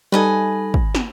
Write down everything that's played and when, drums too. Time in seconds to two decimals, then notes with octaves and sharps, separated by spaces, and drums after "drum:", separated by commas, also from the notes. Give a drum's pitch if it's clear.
0.12 G3 D#4 A4 B4 D#5 G#5
0.74 drum: kick
0.95 drum: snare